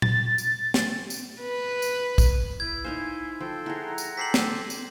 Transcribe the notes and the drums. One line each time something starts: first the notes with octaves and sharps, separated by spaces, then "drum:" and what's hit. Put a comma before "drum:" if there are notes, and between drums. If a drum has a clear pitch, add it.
A6, drum: tom A#2
drum: tambourine
drum: snare
drum: tambourine
B4
drum: tambourine
drum: kick, tambourine
E4 G#6
D#4 A#4 C5 F5 G#5 C6
F3 A4 G5 C6
E4 G#4 F#5 A#5
drum: tambourine
G4 A4 C5 B6 C7 F#7
drum: snare
drum: tambourine